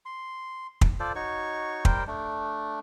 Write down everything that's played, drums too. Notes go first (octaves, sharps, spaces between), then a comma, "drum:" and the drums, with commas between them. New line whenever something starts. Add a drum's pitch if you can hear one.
C6
drum: kick
F4 A4 C5 D5
D#4 F#4 C#5 C#6
G3 A#4 C5 G5, drum: kick
A3 D4